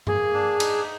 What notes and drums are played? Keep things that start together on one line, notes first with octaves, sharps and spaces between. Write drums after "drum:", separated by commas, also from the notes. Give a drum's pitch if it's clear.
A#3 G#4, drum: tom G2
D4
D#4, drum: cymbal